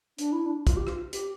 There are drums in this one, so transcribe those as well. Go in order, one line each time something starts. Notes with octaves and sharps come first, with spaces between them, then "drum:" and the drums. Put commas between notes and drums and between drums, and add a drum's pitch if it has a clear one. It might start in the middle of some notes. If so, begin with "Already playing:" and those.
D4, drum: hi-hat
E4
D4
F4, drum: kick, hi-hat
G4
F4, drum: rim click
G4, drum: hi-hat